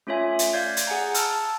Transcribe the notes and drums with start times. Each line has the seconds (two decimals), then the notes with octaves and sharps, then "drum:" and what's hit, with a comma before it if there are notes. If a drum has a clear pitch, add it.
0.07 A3 C#4 F4 C#5 E5 G#5
0.39 drum: hi-hat
0.53 D5 F5 G6 G#6
0.77 drum: hi-hat
0.87 G#4 F#5 G#5 A#5
1.14 A5 E6 F6, drum: hi-hat